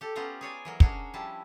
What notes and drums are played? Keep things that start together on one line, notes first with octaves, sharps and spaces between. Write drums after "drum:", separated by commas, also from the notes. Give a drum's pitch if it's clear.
G4 A4
B3 C#4 F4 G4 A#5
G#4 C#5 D5 G#5
E3 F#3 A#4
C#4 D4 F#4 G#4 C#5, drum: kick
F3 G3 E4 A5